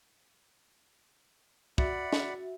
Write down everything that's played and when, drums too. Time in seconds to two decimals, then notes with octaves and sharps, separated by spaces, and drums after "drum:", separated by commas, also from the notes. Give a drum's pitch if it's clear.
1.78 F#4 D5 E5 F#5 B5, drum: kick
2.13 drum: snare